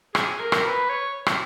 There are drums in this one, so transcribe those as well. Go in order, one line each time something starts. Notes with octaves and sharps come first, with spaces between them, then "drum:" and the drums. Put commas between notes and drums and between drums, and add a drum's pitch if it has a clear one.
G#4, drum: rim click
A#4
drum: rim click
B4
C#5
drum: rim click